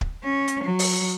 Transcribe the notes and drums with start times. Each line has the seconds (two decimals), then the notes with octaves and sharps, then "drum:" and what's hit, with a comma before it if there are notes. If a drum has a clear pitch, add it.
0.01 drum: kick
0.24 C#4
0.48 drum: hi-hat
0.63 F#3
0.79 drum: open hi-hat